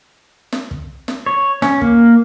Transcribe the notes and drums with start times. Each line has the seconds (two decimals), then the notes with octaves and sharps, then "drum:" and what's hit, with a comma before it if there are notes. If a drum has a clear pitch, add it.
0.52 drum: snare
0.71 drum: kick
1.08 drum: snare
1.26 C#5
1.62 C#4, drum: snare
1.81 A#3, drum: kick